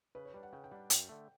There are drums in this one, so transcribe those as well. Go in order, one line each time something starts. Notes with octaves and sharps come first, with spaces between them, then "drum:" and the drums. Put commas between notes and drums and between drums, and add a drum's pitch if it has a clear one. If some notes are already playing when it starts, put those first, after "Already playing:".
C#3 B4
C#5
G3 D4 B4
F#5
C#3 G5
G5
G3 D4 F#5
F#2 G5, drum: hi-hat
D3 A3